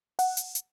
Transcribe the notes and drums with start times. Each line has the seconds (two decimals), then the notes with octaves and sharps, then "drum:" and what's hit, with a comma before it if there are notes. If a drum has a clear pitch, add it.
0.19 F#5, drum: open hi-hat
0.37 drum: hi-hat
0.55 drum: hi-hat